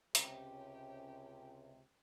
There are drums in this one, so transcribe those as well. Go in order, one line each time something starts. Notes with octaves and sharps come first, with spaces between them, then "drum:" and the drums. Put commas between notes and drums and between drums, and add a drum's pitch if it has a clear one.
C#2 C3 C#4 G4, drum: hi-hat